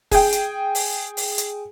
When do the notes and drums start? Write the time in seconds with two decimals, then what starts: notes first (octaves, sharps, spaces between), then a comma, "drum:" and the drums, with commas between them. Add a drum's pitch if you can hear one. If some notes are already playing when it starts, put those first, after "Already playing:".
0.11 G#4 G5, drum: kick, open hi-hat
0.33 drum: hi-hat
0.75 drum: open hi-hat
1.17 drum: open hi-hat
1.38 drum: hi-hat